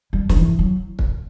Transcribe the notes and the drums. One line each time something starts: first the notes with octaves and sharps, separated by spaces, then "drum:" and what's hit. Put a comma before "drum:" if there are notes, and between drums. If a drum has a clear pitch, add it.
G3
F#3, drum: snare
E3
F#3
drum: kick